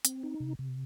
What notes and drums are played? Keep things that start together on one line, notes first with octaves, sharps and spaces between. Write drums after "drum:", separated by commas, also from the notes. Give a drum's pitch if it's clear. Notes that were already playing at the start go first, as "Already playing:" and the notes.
C4, drum: hi-hat
D#4
C3
C3